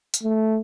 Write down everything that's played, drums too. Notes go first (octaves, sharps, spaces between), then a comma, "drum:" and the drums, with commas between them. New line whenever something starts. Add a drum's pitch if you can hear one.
drum: hi-hat
A3